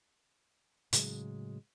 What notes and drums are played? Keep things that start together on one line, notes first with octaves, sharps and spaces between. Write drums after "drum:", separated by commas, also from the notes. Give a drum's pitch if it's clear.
A2 C#3 F#3 G#3, drum: hi-hat